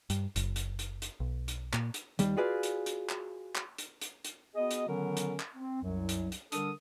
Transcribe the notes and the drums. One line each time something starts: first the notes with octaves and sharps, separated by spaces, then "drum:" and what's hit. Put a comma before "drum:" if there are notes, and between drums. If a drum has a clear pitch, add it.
G2, drum: hi-hat
F#1, drum: hi-hat
drum: hi-hat
drum: hi-hat
drum: hi-hat
B1
drum: hi-hat
A#2, drum: clap
drum: hi-hat
D#2 G3, drum: hi-hat
F4 F#4 G#4 B4 D5 F5
drum: hi-hat
drum: hi-hat
drum: clap
drum: clap
drum: hi-hat
drum: hi-hat
drum: hi-hat
B3 F#4 G#4 D#5
drum: hi-hat
D3 D#3 F#3 B3 C#4 A#4
drum: hi-hat
drum: clap
C4
C2 F#2 F#3
drum: hi-hat
drum: hi-hat
D3 G3 D4 A4 A#4 D#6, drum: hi-hat